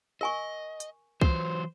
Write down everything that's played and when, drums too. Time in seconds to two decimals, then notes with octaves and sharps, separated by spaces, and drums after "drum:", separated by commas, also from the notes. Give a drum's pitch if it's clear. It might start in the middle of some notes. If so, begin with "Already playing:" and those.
0.21 A#4 D#5 G#5 C#6
0.80 drum: hi-hat
1.21 E3 F#3 C5, drum: kick C2